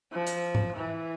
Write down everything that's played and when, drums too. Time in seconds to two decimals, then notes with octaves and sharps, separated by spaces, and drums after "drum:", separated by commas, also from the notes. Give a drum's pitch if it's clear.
0.12 F3
0.27 drum: hi-hat
0.55 drum: tom G#2
0.76 E3